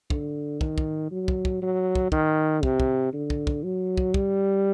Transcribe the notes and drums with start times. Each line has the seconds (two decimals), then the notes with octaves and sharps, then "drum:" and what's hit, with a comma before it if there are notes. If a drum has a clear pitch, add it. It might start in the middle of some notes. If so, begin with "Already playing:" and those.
0.10 D3, drum: kick
0.61 D#3, drum: kick
0.78 drum: kick
1.11 F#3
1.28 drum: kick
1.45 drum: kick
1.62 F#3
1.95 drum: kick
2.12 D#3, drum: kick
2.63 C3, drum: kick
2.80 drum: kick
3.13 D3
3.30 drum: kick
3.47 drum: kick
3.64 F#3
3.97 drum: kick
4.14 G3, drum: kick